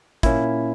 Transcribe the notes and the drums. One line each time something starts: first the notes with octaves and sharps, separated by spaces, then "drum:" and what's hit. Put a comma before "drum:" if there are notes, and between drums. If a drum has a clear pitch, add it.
A#2 A#3 C#4 E4, drum: kick, hi-hat